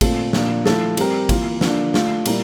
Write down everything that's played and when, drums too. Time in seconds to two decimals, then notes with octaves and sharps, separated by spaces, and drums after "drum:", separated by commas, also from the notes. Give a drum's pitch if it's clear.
0.01 A#2 A3 C4 F4 A4, drum: kick, cymbal
0.33 A#2 F3 A#3 D4, drum: snare
0.66 F3 A3 E4 A4, drum: snare
0.97 G3 C4 G4 A#4, drum: cymbal
1.29 E3 A#3 F4, drum: kick, cymbal
1.61 D3 F3 A#3 D4, drum: snare
1.94 A3 D4 F4, drum: snare
2.26 A#2 G3 A#3 E4 A#4, drum: cymbal